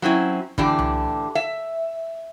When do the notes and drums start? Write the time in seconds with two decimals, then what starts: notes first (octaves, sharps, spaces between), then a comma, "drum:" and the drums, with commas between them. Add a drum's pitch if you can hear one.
0.02 F#3 C4 C#4 E4
0.58 A2 D3 E3 D4 G4, drum: kick
0.79 drum: tom C2
1.35 E5